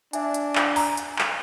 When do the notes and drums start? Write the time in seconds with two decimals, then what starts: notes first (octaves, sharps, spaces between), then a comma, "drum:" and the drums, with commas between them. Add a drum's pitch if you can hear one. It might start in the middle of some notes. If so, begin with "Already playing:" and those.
0.13 D4 E5 G#5, drum: hi-hat
0.34 drum: hi-hat
0.55 drum: clap
0.76 A#5, drum: open hi-hat
0.97 drum: hi-hat
1.18 drum: clap